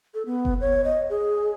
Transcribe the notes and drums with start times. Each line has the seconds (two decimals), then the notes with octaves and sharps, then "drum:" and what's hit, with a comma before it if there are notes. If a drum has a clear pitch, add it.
0.14 A4
0.26 B3
0.45 drum: kick F#1
0.61 C#5
0.84 D#5
1.10 G#4